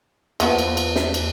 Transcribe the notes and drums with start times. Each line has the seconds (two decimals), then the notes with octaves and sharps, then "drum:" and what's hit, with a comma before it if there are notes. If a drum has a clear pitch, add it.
0.40 E2 F3 B3 B4, drum: cymbal
0.58 drum: cymbal
0.77 drum: cymbal
0.96 drum: snare
1.14 drum: cymbal